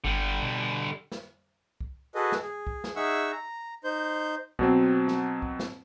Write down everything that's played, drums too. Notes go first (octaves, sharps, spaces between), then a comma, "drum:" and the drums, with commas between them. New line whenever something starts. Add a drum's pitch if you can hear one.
G1 D3 G3
B2
drum: snare
drum: kick C2
F#4 G#4 A4 B4 D#5
drum: snare
G#4
drum: kick C2
drum: snare
D#4 G#4 E5 F#5 C#6 E6
A#5
D#4 C5 G6
B2 F#3 C4, drum: kick C2
drum: snare
drum: kick C2
drum: snare